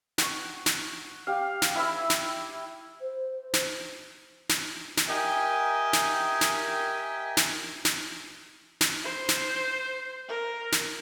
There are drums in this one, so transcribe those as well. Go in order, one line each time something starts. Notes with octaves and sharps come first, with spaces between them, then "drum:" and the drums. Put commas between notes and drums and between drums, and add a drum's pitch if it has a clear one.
F#5 C#6, drum: snare
drum: snare
G4 F5
drum: snare
E4 B5 E6
drum: snare
C5
drum: snare
drum: snare
drum: snare
G4 A#4 D#5 E5 G5 G#5
drum: snare
drum: snare
drum: snare
drum: snare
drum: snare
C5
drum: snare
A#4
drum: snare